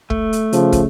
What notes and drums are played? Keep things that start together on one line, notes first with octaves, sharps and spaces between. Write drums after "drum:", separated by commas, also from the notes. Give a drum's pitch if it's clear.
A3, drum: kick
drum: hi-hat
C#3 F3, drum: hi-hat
drum: kick, hi-hat